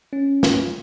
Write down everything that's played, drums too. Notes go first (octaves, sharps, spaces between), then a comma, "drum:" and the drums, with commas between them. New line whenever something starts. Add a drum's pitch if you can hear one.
C#4
F4, drum: snare